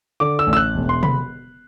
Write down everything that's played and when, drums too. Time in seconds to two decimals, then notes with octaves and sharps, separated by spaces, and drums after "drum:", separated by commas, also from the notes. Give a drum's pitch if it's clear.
0.20 D3 D6
0.39 E6
0.47 A1
0.53 E6
0.57 F#6
0.75 E1
0.89 C6
1.03 B5, drum: tom